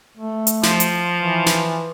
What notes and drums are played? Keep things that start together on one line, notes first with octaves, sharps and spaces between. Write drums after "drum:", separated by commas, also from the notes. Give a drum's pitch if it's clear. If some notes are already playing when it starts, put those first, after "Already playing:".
A3
drum: hi-hat
F3, drum: snare
drum: hi-hat
E3
drum: snare